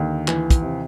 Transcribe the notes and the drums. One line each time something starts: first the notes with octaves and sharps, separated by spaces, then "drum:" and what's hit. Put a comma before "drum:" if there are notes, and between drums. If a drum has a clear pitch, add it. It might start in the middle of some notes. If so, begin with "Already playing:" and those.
Already playing: D#2 D3
E3, drum: clap
drum: kick, hi-hat
C3